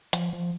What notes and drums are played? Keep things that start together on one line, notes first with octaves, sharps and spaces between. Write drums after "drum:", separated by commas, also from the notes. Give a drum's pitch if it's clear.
F3, drum: hi-hat
F3